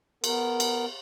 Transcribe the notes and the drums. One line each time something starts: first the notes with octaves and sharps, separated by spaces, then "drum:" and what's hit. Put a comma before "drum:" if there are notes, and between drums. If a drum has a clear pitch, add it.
B3 A#4, drum: cymbal
drum: cymbal